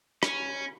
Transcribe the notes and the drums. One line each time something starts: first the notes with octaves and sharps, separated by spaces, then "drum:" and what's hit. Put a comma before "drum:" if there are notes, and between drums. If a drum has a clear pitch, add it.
C#4, drum: rim click